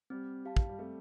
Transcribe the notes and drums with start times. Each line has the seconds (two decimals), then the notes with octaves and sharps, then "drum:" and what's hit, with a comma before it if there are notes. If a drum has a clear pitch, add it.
0.10 G3 C4
0.45 G4 F5 A5
0.57 drum: kick
0.69 G3
0.79 A3 C4